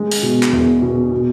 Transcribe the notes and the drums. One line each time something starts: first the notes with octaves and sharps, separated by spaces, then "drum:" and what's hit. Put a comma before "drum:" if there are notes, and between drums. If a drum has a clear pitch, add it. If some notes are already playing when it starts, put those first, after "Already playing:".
Already playing: G#3
drum: open hi-hat
B2
drum: clap
E2
B2
B2